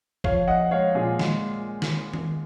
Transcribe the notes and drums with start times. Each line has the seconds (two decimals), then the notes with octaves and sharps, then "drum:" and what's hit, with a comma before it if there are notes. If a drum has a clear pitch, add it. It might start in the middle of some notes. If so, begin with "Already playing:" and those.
0.24 F3 C#5 F5, drum: kick
0.48 A#1 D#5 F#5
0.71 G#3 C#5 F5
0.95 A#2 F4 G#4
1.19 G#3, drum: snare
1.82 drum: snare
2.14 drum: tom D#3